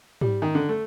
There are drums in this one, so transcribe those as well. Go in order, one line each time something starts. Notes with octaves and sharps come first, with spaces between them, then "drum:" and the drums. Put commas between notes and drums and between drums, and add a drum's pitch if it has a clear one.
G3, drum: tom G#2
D#3
D3
A3